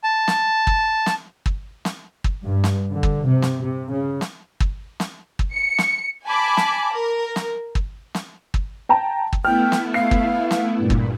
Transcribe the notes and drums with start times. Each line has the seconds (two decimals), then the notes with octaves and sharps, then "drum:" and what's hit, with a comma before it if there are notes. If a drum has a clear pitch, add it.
0.04 A5
0.28 drum: snare
0.67 drum: kick
1.06 drum: snare
1.46 drum: kick
1.85 drum: snare
2.24 drum: kick
2.44 G2
2.64 drum: snare
2.90 D3
3.03 drum: kick
3.25 C3
3.42 drum: snare
3.62 C3
3.90 C#3
4.21 drum: snare
4.60 drum: kick
5.00 drum: snare
5.39 drum: kick
5.52 C#7
5.78 drum: snare
6.25 G#5 A5 B5 D6
6.57 drum: snare
6.93 A#4
7.36 drum: snare
7.75 drum: kick
8.15 drum: snare
8.54 drum: kick
8.89 G5 A5 A#5
9.33 drum: kick
9.45 A3 B3 E4 G5 F6
9.72 drum: snare
9.94 F5 C7
10.11 drum: kick
10.51 drum: snare
10.78 G2 A#2
10.90 drum: kick